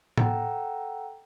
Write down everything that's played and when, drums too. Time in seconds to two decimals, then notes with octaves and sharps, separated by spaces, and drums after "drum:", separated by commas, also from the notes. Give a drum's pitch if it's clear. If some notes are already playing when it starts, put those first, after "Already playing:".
0.18 A4 F#5 G5 A#5 E6, drum: tom A2